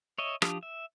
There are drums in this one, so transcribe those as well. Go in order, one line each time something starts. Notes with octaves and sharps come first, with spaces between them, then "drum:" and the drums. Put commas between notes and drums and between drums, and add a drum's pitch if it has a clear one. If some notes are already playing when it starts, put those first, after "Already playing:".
C#5 D#5 E5
F3 D4 G4 D#6, drum: rim click
E5